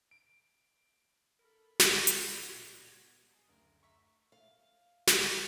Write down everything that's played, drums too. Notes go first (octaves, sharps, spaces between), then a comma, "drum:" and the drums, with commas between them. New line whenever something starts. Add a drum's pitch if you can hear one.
D7
A4 A#4 B5
C#2 B2 C4 D#5, drum: snare
drum: hi-hat
A#2 G#6 A#6
G#4 A5
F#1 D2 A#4
E5 A#5 C#6
F5
drum: snare